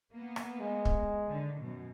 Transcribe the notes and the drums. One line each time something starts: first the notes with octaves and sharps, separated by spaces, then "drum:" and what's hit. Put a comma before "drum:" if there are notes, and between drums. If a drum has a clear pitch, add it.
A#3 B3
drum: rim click
G#3
drum: kick
D3 D#3
F#2 B2